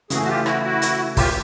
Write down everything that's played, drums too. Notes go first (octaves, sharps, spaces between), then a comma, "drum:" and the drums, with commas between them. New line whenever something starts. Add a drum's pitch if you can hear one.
C#3 E3 A3 F#4 G#4, drum: hi-hat
F#4
F4 G4
E4 F#4, drum: rim click
E4 F#4
drum: hi-hat
F4 G4, drum: kick, open hi-hat